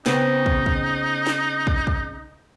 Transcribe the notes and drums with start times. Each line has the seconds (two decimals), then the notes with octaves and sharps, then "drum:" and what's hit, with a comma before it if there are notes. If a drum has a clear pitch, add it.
0.06 C#3 B3 C4 D#4, drum: snare
0.46 drum: kick
0.66 drum: kick
1.27 drum: snare
1.67 drum: kick
1.87 drum: kick